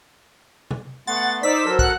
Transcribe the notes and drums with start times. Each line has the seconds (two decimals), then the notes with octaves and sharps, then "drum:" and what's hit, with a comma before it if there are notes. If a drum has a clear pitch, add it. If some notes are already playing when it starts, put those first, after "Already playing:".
0.71 drum: tom
1.07 A3 B3 F#5 C6 A6
1.43 D#4 C5 D5 E6 B6
1.65 F#3 A4 A#4
1.79 F#5 F#6, drum: kick